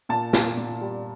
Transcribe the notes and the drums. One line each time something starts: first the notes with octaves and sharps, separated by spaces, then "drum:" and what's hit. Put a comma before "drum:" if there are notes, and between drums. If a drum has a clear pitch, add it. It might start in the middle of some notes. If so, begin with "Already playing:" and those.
A#2 A5
A#2, drum: snare
A#2
G3